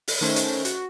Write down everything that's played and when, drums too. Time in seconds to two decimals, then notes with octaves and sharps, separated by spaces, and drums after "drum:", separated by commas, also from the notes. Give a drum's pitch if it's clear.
0.08 drum: open hi-hat
0.21 D#3 A3 C#4 C5
0.36 drum: hi-hat
0.65 F#4, drum: hi-hat